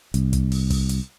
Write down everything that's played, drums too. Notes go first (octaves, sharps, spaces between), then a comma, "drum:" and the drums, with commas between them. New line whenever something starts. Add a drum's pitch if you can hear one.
C2, drum: hi-hat
drum: kick, hi-hat
drum: open hi-hat
drum: kick, open hi-hat
drum: hi-hat